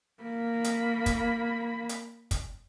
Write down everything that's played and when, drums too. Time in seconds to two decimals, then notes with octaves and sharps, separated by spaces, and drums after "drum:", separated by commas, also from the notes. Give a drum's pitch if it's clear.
0.23 A#3 B5
0.64 drum: hi-hat
1.06 drum: kick, hi-hat
1.89 drum: hi-hat
2.31 drum: kick, hi-hat